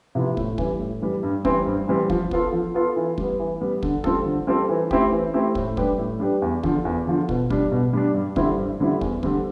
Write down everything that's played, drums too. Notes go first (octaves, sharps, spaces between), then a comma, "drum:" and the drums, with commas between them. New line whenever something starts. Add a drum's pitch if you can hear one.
C3 F3 B3 E4
A2, drum: kick
E3 G3, drum: kick
A2
E3 G3
G2
E3 G3 C4, drum: kick
G2
E3 G3 C4
F3, drum: kick
B3 F4 A4, drum: kick
F3
B3 F4 A4
E3
G3 B3, drum: kick
E3
G3 B3
D3, drum: kick
G3 C4 F4 A4, drum: kick
D3
G3 C4 F4 A4
E3
A3 C4 E4 G4, drum: kick
E3
A3 C4 E4 G4
A2, drum: kick
G3 D4 G4 B4, drum: kick
A2
G3 D4 G4 B4
E2
D3 F3, drum: kick
E2
D3 F3
B2, drum: kick
G3 D4, drum: kick
B2
G3 D4
G2
D3 G3 C4 E4, drum: kick
G2
D3 G3 C4 E4
E2, drum: kick
D3 G3 C4, drum: kick